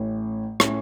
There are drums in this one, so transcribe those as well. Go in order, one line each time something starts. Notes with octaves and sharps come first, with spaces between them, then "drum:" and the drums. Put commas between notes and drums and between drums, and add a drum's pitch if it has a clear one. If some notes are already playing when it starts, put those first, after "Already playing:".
Already playing: A1 A2 A3 C#4 E4
A2 A3 C#4 E4, drum: rim click